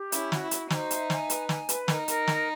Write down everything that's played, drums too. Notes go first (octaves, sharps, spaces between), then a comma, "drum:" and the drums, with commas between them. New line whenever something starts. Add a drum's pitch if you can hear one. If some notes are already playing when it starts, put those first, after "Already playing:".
Already playing: G4
C#4 E4, drum: hi-hat
F#4, drum: snare
E4
F#4, drum: hi-hat
D#4 C5, drum: snare
E5, drum: hi-hat
G#5, drum: snare
B4, drum: hi-hat
G#5, drum: snare
B4, drum: hi-hat
D#4 A#4, drum: snare
A#4, drum: hi-hat
D#5, drum: snare